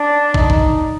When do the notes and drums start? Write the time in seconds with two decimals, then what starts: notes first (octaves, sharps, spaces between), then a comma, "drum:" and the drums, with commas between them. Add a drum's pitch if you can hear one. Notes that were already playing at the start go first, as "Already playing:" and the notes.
Already playing: D4
0.34 D#4, drum: kick
0.50 drum: kick